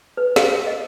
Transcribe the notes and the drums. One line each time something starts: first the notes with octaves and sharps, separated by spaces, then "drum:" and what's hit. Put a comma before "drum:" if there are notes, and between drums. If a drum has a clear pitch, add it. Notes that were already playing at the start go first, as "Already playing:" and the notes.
B4
F5, drum: snare
A#4
D#5